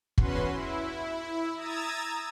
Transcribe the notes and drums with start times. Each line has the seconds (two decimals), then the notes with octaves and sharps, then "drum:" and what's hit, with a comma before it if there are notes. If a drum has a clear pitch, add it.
0.18 E2 C#4 F#4 B4 C6, drum: kick
0.49 E4
1.55 A#5 D#6 E6 G#6 A6